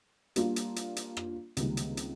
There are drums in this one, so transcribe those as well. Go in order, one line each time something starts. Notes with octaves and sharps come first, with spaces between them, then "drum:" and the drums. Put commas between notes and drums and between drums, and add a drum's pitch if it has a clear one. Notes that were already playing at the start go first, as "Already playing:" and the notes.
G3 A#3 D4 F4, drum: hi-hat
drum: hi-hat
drum: hi-hat
drum: hi-hat
drum: rim click
C#2 C3 D#3 G3 A#3, drum: hi-hat
drum: hi-hat
drum: hi-hat